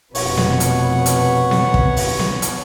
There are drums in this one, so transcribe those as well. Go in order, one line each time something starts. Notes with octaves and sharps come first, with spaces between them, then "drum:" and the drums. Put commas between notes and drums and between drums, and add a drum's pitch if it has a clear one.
F1 B2 B4 C#5 F#5, drum: open hi-hat
drum: snare B3
drum: hi-hat
drum: hi-hat
drum: snare B3
drum: kick
drum: open hi-hat
drum: snare B3
drum: hi-hat